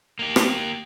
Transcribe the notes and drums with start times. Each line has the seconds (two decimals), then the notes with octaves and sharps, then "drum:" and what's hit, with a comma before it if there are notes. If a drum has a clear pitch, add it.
0.19 A#3 G4
0.36 drum: rim click